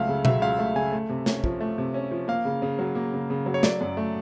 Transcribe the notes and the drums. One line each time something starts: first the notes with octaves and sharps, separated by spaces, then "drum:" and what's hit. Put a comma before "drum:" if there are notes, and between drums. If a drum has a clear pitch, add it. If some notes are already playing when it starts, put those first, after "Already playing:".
Already playing: C#2 F#3 A3 E5 F5
C#3
F#3 E5, drum: tom B2
C#2 F5
A3
C#3 G#5
A3
C3
C#4, drum: snare
F3, drum: kick
A3
C3
C#4
F3
A#3 F5
C#3
C#3
F#3
A#3
C#3
C#3
F#3
C#5
F#3 D5, drum: snare
F#2
A3